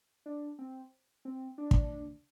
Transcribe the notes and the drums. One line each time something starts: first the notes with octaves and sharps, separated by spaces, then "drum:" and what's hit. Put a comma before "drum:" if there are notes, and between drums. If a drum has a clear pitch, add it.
D4
C4
C4
D4
drum: kick